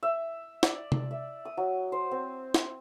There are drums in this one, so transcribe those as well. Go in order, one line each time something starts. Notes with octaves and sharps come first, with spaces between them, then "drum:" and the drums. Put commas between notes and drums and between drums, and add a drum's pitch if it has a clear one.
E5
D5, drum: snare
drum: tom C3
E5
D#6
F#3
C5
C4
drum: snare